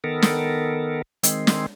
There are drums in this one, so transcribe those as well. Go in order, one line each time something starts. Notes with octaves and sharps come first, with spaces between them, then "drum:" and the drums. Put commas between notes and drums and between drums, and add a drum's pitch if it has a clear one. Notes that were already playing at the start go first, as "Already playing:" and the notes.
D#3 B3 A4 A#4
drum: snare
D#3 G#3 C4, drum: hi-hat
drum: snare